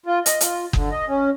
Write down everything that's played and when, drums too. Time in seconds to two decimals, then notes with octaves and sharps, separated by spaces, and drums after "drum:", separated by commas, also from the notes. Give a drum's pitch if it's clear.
0.06 F4
0.26 D#5, drum: hi-hat
0.41 F4, drum: hi-hat
0.73 D3, drum: kick F#1
0.91 D#5
1.08 C#4